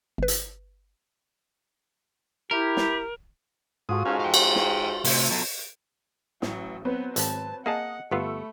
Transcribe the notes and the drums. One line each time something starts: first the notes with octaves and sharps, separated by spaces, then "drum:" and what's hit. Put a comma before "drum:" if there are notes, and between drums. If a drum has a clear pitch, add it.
G1 B4
drum: hi-hat
E4 G4 A#4
drum: snare
G#2 F4 F#4 A4 D#6
G#2 C#4 F5 G#5
F5 G5 C#6
drum: cymbal
drum: snare
C3 A3 E4, drum: open hi-hat
B2 F#3 A4 G#5 A#5
A1 F#3, drum: snare
F#3 B3 C4 B4
G#1 A5, drum: hi-hat
A#3 G#4 D#5 F#5 A5
G1 A3 B3 F4 B5 C#6 E6